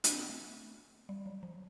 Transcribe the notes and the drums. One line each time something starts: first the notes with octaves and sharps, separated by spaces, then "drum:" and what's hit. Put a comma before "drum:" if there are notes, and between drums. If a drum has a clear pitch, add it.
D4, drum: hi-hat
C4
B3
A3
G3
F#3
F3